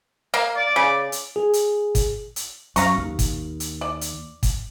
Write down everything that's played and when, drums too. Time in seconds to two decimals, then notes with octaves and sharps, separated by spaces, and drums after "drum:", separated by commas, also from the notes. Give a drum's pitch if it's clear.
0.34 A#3 F5
0.56 D5
0.76 C#3
1.12 drum: hi-hat
1.36 G#4
1.53 drum: hi-hat
1.95 drum: kick, hi-hat
2.36 drum: hi-hat
2.76 F#2 F5 A#5 C#6, drum: hi-hat
2.98 D#2
3.19 drum: kick, hi-hat
3.60 drum: hi-hat
3.81 D5
4.01 drum: hi-hat
4.43 drum: kick, hi-hat